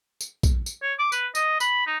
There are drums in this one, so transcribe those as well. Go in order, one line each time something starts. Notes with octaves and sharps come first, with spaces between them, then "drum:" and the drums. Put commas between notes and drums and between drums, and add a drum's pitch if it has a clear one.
drum: tambourine
drum: kick A#1, tambourine
drum: tambourine
C#5
D6
B4, drum: tambourine
D#5, drum: tambourine
B5, drum: tambourine
D#4